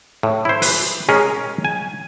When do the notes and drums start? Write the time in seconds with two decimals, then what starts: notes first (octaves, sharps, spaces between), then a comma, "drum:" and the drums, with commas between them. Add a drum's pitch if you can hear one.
0.23 A2
0.45 E4 C5
0.62 B4, drum: open hi-hat
1.09 G#3 C#4 G#4 A#4 D#5
1.65 G#5